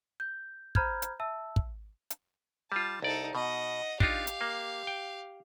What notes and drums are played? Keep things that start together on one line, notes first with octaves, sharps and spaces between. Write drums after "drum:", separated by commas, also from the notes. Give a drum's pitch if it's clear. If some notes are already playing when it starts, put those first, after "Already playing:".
G6
C5 A#5 B5 F6 G6 G#6, drum: kick
drum: hi-hat
E5 A5 E6
drum: kick
drum: hi-hat
G3 F4 A5
C2 D#4 A4 D5
B2 D#5 F#5
D4 D#4 F4 G4 F5, drum: kick
drum: hi-hat
A#3
G5